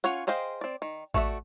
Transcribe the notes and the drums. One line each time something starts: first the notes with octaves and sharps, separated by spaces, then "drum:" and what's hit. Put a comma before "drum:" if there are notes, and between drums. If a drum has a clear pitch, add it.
C#4 F4 C#5 F#5
G#4 C5 D#5 F5 G5
C4 D5
D#3
A3 F#4 D5 E5, drum: kick A1